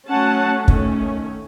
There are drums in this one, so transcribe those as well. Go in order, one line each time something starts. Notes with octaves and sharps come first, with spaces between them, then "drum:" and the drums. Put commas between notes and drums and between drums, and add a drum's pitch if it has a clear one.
F#3 A3 C#4 F#5 A5
D#3 A3 C#4, drum: kick